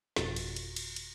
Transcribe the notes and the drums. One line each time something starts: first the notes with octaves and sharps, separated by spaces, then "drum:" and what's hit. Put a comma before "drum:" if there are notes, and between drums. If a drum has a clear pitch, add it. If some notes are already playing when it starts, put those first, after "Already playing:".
G1 F2 B2 F4 F#4 A6, drum: snare
drum: cymbal
drum: cymbal
drum: cymbal
drum: cymbal